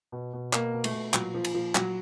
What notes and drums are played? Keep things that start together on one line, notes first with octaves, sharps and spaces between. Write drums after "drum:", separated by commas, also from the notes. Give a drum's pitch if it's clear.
B2
B2
B2 A#3, drum: clap
B2
A3, drum: cymbal
B2
A#2 F#3, drum: clap
A#2 F3
drum: cymbal
A#2 F3
A#2 F#3, drum: clap